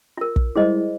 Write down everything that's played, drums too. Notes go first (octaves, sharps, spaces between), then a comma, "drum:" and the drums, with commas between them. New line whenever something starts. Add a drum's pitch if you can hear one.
F4 A#4
drum: kick
G3 G#3 E4 G#4 C5 D#5